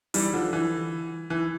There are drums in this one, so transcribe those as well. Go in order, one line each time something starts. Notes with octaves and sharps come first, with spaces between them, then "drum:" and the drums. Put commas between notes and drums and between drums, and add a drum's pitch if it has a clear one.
E3 G3, drum: open hi-hat
D3 F3
E3
E3